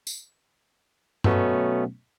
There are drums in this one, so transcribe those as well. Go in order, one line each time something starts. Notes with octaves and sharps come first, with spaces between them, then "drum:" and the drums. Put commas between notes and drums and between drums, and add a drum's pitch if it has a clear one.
drum: tambourine
B2 F#3 A3 B3 C#4, drum: tom G2